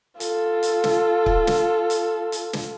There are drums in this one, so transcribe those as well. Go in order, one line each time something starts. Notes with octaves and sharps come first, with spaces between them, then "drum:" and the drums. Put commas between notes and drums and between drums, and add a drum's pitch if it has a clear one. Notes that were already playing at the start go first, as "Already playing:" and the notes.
F4 A4, drum: hi-hat
drum: hi-hat
drum: snare
drum: kick C#1
drum: snare
drum: hi-hat
drum: hi-hat
drum: snare